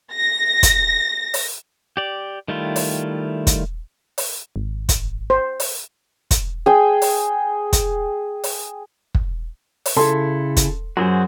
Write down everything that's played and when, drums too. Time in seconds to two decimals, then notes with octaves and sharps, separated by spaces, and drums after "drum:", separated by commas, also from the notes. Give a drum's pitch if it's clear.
0.13 A#6
0.63 drum: kick, hi-hat
1.34 drum: open hi-hat
1.97 G4 D5
2.48 D#3 G3 A3 E4 F4
2.76 drum: open hi-hat
3.47 drum: kick, hi-hat
4.18 drum: open hi-hat
4.56 G#1
4.89 drum: kick, hi-hat
5.30 C5
5.60 drum: open hi-hat
6.31 drum: kick, hi-hat
6.66 G#4 G5
7.02 drum: open hi-hat
7.73 drum: kick, hi-hat
8.44 drum: open hi-hat
9.15 drum: kick
9.86 drum: open hi-hat
9.97 C#3 E4 A4 C6
10.57 drum: kick, hi-hat
10.97 F#2 F#4 G#4 C5